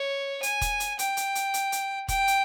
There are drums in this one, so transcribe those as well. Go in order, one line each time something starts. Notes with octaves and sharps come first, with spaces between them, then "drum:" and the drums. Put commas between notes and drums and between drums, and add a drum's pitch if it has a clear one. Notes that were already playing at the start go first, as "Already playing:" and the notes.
Already playing: C#5
G#5, drum: hi-hat
drum: kick, hi-hat
drum: hi-hat
G5, drum: hi-hat
drum: hi-hat
drum: hi-hat
drum: hi-hat
drum: hi-hat
G5, drum: kick, hi-hat
drum: hi-hat